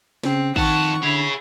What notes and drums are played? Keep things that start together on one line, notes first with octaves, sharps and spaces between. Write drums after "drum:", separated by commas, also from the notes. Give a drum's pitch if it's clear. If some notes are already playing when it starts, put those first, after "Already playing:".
C#3 C4, drum: snare
F2 D#3 F#5 A5 C#6, drum: kick
D3 E4 G#4 C#5